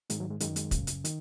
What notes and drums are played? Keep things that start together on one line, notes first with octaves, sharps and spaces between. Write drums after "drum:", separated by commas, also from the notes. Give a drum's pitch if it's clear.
G#2 D#3 G#3, drum: hi-hat
F#3
G#3
F#2 D#3 G#3, drum: hi-hat
G#3, drum: hi-hat
F#2 C#3, drum: kick, hi-hat
drum: hi-hat
D#3, drum: hi-hat